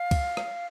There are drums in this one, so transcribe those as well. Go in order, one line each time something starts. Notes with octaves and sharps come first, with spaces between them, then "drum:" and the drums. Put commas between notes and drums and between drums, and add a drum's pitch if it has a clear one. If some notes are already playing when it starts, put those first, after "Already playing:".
Already playing: F5
drum: kick, cymbal
drum: rim click